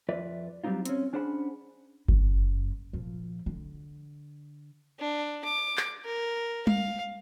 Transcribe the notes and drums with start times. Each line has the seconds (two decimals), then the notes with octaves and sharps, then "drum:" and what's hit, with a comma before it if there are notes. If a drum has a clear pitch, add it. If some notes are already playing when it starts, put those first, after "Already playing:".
0.09 F2 F4 B4 D5 E5
0.64 F#3 G3 A#3 C4 D#4 F4
0.85 C4 C#4, drum: hi-hat
1.13 C#4 D4 G#4 C5 F#5 B5
2.09 F#1 F#2, drum: kick G1
2.93 A#2 F3
3.46 D3
4.99 D4
5.44 D6
5.77 drum: clap
6.04 A#4
6.67 F5, drum: tom G3